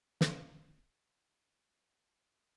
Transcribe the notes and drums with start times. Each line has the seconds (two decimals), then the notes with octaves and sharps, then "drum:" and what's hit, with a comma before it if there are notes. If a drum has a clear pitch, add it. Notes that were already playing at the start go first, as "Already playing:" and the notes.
0.21 A4 B4 F5, drum: snare